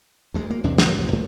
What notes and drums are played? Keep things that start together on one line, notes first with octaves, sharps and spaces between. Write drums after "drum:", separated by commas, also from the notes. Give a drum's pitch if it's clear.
D2 G#3
A#3
E2 C3 D4
C2 G2 D3 A#3, drum: snare
D2 C3 F3
G2 F3 A3